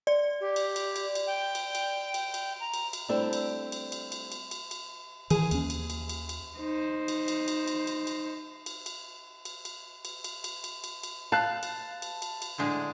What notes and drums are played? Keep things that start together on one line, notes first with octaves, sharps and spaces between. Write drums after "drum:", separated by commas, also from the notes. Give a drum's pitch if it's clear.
D5
G4
drum: cymbal
drum: cymbal
drum: cymbal
drum: cymbal
G5
drum: cymbal
drum: cymbal
drum: cymbal
drum: cymbal
A#5
drum: cymbal
drum: cymbal
G3 A3 C4 D4 E4 A4
drum: cymbal
drum: cymbal
drum: cymbal
drum: cymbal
drum: cymbal
drum: cymbal
drum: cymbal
D#3 E3 G#4, drum: cymbal
D#2 C#4, drum: cymbal
drum: cymbal
drum: cymbal
drum: cymbal
drum: cymbal
D#4 C5
drum: cymbal
drum: cymbal
drum: cymbal
drum: cymbal
drum: cymbal
drum: cymbal
drum: cymbal
drum: cymbal
drum: cymbal
drum: cymbal
drum: cymbal
drum: cymbal
drum: cymbal
drum: cymbal
drum: cymbal
drum: cymbal
F5 A5 F#6
drum: cymbal
drum: cymbal
drum: cymbal
drum: cymbal
A2 D3 G#3